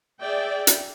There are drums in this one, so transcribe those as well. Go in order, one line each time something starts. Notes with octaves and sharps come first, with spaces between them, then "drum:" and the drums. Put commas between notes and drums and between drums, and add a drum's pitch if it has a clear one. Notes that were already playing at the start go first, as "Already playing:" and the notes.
G#4 D5 E5 G5
drum: hi-hat